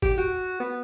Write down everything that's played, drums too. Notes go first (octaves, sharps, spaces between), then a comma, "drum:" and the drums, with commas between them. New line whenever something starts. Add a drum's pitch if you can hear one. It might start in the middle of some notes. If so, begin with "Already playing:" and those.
G4, drum: kick
F#4
B3